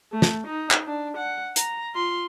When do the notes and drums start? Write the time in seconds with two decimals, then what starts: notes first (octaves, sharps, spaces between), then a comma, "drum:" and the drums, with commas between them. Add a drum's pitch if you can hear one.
0.12 A3
0.22 drum: snare
0.46 D#4
0.71 drum: clap
0.86 D4
1.17 F#5
1.56 A#5, drum: hi-hat
1.95 F4 C6